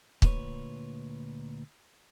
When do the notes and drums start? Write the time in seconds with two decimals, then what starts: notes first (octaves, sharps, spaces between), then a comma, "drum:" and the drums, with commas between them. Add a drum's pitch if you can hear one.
0.22 D2 A#2 D4 B4 C#5, drum: kick